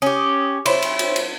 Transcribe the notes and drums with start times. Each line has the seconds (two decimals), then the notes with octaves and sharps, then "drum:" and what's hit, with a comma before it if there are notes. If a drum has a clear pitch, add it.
0.02 C#4 G4 D#6
0.66 E4 C5 C#5 C6, drum: cymbal
0.82 drum: cymbal
0.99 drum: cymbal
1.16 drum: cymbal